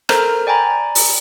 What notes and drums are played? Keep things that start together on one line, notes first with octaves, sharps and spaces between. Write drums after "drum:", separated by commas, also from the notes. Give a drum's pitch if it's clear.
A4 A#4 C5 A#5 F6, drum: rim click
D5 G5 G#5 A#5 B5
drum: open hi-hat